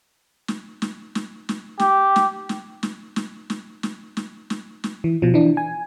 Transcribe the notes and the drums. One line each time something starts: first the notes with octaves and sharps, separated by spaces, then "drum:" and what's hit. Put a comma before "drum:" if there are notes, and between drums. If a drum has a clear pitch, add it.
drum: snare
drum: snare
drum: snare
drum: snare
G4, drum: snare
drum: snare
drum: snare
drum: snare
drum: snare
drum: snare
drum: snare
drum: snare
drum: snare
drum: snare
E3
B2 F3
E3 D4
G#5